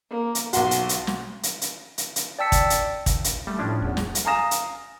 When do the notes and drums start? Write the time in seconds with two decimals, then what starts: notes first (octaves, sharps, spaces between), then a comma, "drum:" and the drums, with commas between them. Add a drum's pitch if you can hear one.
0.10 A#3
0.35 drum: hi-hat
0.53 B1 F#4 C6, drum: hi-hat
0.71 drum: hi-hat
0.89 drum: hi-hat
1.07 drum: snare
1.43 drum: hi-hat
1.61 drum: hi-hat
1.98 drum: hi-hat
2.16 drum: hi-hat
2.39 D5 G5 A5 E6 B6 C#7
2.52 drum: kick, hi-hat
2.70 drum: hi-hat
3.06 drum: kick, hi-hat
3.24 drum: hi-hat
3.47 G3 A3
3.59 A2 F3 C#4 D4
3.82 D#1 E2
3.97 drum: snare
4.15 drum: hi-hat
4.25 F5 G#5 A#5 D#6 A#6 E7
4.51 drum: hi-hat